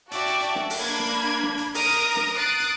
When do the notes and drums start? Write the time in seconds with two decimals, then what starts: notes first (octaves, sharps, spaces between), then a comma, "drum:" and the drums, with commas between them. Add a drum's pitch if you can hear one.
0.11 F#4 D5 E5 G5 A5, drum: hi-hat
0.26 drum: hi-hat
0.41 drum: hi-hat
0.55 drum: snare
0.70 drum: open hi-hat
0.80 A#3 D4 B5 G#6
0.99 drum: snare
1.43 drum: snare
1.58 drum: hi-hat
1.75 A#4 A#5 D#6, drum: open hi-hat
1.87 drum: hi-hat
2.16 drum: snare
2.38 D#6 F#6 A6 C7 D7
2.60 drum: hi-hat